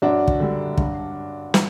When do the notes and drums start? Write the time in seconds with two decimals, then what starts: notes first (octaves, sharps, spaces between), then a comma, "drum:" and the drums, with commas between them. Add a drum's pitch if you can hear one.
0.02 F#2 D4 F#4
0.28 drum: kick
0.40 D3 G3
0.77 G2, drum: kick
1.54 drum: snare